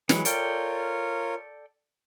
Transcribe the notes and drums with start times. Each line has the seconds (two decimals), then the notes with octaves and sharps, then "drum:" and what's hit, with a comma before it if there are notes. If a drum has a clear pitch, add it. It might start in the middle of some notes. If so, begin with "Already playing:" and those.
0.09 E3 F#3 G#3 B4, drum: snare
0.25 F4 A4 A#4 C#5 D5 G5, drum: hi-hat